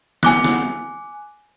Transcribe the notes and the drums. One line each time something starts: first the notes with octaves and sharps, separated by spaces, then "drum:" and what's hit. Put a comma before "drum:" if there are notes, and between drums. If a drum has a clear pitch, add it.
G#5 D6 F#6, drum: snare
drum: snare